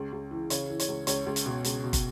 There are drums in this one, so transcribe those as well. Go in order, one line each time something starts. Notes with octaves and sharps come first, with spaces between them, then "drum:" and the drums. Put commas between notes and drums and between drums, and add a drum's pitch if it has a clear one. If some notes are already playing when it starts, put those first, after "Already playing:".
Already playing: C#2
C#2
E3
C#3 C#5, drum: hi-hat
E3
C#5, drum: hi-hat
C#2
C#2 C#5, drum: hi-hat
C#2
drum: hi-hat
B2
C#2, drum: hi-hat
B2
drum: kick, hi-hat